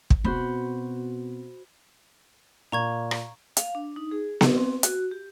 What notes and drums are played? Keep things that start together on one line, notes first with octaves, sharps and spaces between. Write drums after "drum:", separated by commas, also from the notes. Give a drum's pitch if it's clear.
drum: kick
B2 C4 F#4 C5 B5
A#2 A#5 C#6 G#6
drum: rim click
F5, drum: hi-hat
D4
D#4
G#4
C4, drum: snare B3
C4
F#4, drum: hi-hat
G4